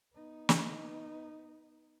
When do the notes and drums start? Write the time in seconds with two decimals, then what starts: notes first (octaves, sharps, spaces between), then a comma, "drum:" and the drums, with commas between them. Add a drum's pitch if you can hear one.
0.14 B3 D#4
0.49 drum: snare